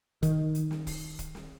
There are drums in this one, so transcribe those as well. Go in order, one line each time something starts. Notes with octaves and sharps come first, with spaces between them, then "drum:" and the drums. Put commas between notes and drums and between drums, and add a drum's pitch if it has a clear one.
D#3, drum: kick, hi-hat
drum: hi-hat
drum: snare
drum: kick, open hi-hat
drum: kick, hi-hat
drum: snare